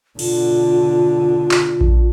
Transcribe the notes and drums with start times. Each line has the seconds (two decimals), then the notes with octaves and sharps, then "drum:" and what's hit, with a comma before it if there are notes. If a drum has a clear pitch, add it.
0.19 B2 D3 F4, drum: cymbal
1.51 drum: clap
1.81 drum: kick A#1